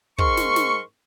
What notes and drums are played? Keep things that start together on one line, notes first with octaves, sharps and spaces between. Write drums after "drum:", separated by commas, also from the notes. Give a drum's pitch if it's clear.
G#2 A#4 C6 C#6, drum: kick
drum: snare
drum: snare